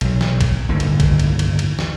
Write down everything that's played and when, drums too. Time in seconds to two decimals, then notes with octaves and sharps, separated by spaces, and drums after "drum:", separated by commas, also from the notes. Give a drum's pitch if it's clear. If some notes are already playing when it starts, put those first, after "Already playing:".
0.01 B1 F#3, drum: cymbal
0.21 drum: snare
0.41 drum: kick, cymbal
0.69 G1 D#2 A2 D3
0.80 drum: cymbal
1.00 drum: kick, cymbal
1.19 drum: cymbal
1.39 drum: cymbal
1.59 drum: cymbal
1.79 drum: snare